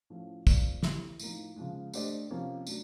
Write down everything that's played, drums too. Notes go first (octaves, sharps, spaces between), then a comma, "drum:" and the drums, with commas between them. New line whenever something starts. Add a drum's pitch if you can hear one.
A2 F3 A3 C#4 F4
G#3 C4 F4 A#4 D5, drum: kick, tambourine
B3 E4 G4, drum: snare
A2 F3 A#3 D#4, drum: tambourine
C#3 F3 G#3
A3 D4 G4 C5 D#5, drum: tambourine
C3 F3 A#3 C#4
F#3 A3 D4, drum: tambourine